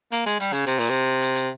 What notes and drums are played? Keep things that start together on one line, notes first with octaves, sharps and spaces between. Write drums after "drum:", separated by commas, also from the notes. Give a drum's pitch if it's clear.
A#3, drum: hi-hat
G#3, drum: hi-hat
G3, drum: hi-hat
C#3, drum: hi-hat
C3, drum: hi-hat
A#2, drum: open hi-hat
C3
drum: hi-hat
drum: hi-hat